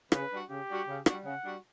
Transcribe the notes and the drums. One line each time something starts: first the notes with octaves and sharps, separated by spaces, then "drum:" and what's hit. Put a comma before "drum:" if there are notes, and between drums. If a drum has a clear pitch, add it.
C#3 B4, drum: rim click
G3 D4 F#4
C#3 G4
G3 D4 F#4
C#3
G3 D4 F#4, drum: rim click
C#3 F#5
G3 D4 F#4